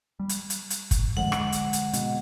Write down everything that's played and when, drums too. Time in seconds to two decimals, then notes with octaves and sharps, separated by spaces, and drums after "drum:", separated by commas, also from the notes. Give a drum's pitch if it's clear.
0.20 G3
0.29 drum: hi-hat
0.50 drum: hi-hat
0.70 drum: hi-hat
0.91 drum: kick, hi-hat
1.17 D3 F3 G#3 F#5
1.32 drum: rim click
1.52 drum: hi-hat
1.73 drum: hi-hat
1.93 B2 G#3 B3, drum: hi-hat